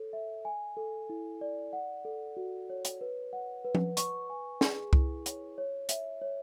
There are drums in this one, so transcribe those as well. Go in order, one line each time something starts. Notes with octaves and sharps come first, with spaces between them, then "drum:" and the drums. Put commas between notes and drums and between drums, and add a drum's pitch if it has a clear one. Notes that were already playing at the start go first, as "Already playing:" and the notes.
Already playing: A4 C#5
E5
G#5
A4
E4
D5
F#5
A4
F#4
C#5
drum: hi-hat
B4
F#5
B4
drum: tom F3
C#6, drum: hi-hat
G#5
G#4, drum: snare
E4, drum: kick C2
C#5, drum: hi-hat
C#5
E5, drum: hi-hat
C#5